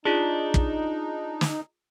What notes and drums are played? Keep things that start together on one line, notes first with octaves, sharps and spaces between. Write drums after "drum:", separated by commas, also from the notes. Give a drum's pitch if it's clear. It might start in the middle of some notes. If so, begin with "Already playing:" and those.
D4 D#4 F4 G#4
drum: kick
drum: snare